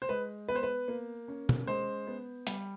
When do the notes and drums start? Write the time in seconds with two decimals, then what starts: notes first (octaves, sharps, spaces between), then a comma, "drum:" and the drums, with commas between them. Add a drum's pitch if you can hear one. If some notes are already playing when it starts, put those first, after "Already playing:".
0.02 C5
0.09 G#3 B4
0.48 B3 B4
0.55 C5
0.63 B4
0.88 A#3
1.28 C#4
1.49 drum: tom
1.67 G#3 C5
2.07 B3
2.47 G3, drum: hi-hat